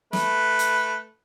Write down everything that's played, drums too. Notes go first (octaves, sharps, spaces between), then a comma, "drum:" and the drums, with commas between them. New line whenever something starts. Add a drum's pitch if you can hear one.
A3 B4, drum: snare
drum: hi-hat